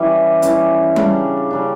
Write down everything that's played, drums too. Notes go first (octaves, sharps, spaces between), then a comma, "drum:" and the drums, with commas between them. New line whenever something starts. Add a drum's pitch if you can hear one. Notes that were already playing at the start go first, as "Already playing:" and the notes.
Already playing: E3 G3 C#4
E3 G3 C#4, drum: hi-hat
C#3 G3 D4, drum: tom G3
C#3 G3 D4